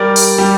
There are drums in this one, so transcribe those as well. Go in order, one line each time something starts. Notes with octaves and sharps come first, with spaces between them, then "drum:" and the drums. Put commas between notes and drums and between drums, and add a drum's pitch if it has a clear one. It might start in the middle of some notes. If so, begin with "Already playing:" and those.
Already playing: G3 A#4 D5
drum: open hi-hat
G3